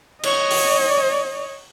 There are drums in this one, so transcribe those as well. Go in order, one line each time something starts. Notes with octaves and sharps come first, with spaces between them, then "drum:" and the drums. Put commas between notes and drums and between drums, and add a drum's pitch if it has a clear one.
C#5 D#5, drum: cymbal
drum: open hi-hat